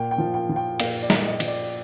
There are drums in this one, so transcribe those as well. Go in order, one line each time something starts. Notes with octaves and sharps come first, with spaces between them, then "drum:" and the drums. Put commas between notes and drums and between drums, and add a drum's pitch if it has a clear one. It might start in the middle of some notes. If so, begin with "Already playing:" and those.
Already playing: A#2 G5
G5
F3
G5
F3
G5
A#2 F5, drum: cymbal
D5
A#2, drum: snare
D#5
F3, drum: cymbal
D5